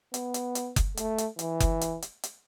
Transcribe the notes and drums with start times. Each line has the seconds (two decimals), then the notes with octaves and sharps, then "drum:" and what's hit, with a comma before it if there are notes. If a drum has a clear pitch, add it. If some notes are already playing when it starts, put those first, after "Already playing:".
0.14 B3, drum: hi-hat
0.34 drum: hi-hat
0.55 drum: hi-hat
0.76 drum: kick F#1, hi-hat
0.97 A3, drum: hi-hat
1.18 drum: hi-hat
1.39 E3, drum: hi-hat
1.60 drum: kick F#1, hi-hat
1.81 drum: hi-hat
2.02 drum: hi-hat
2.23 drum: hi-hat